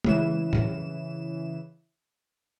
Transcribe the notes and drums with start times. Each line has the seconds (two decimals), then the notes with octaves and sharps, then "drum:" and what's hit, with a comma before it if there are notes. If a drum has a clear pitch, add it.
0.04 C#3 E3 E7, drum: tom
0.53 drum: tom